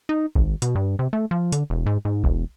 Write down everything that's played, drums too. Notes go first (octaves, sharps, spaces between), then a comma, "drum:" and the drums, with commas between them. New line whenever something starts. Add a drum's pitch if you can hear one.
D#4
G#1, drum: kick B1
B2, drum: hi-hat
G2
C3
A3
F3
D3, drum: hi-hat
E1
G#2
G#2
E1, drum: kick B1